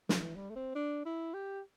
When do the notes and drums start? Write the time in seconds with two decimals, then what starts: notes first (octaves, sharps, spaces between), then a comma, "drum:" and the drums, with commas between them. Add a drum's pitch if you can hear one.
0.09 G3, drum: snare
0.17 E3
0.35 G3
0.50 A3
0.56 C4
0.75 D4
1.05 E4
1.34 G4